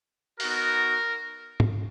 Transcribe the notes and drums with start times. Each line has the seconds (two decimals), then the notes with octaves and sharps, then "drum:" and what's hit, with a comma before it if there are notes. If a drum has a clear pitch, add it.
0.40 B3 D#4 F#4 A#4, drum: open hi-hat
1.60 drum: tom G#2